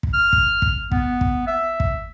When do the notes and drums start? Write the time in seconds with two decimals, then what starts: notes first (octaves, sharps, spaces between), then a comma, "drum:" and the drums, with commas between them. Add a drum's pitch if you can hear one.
0.03 drum: kick
0.14 F6
0.33 drum: kick
0.62 drum: kick
0.92 B3, drum: kick
1.21 drum: kick
1.47 E5
1.80 drum: kick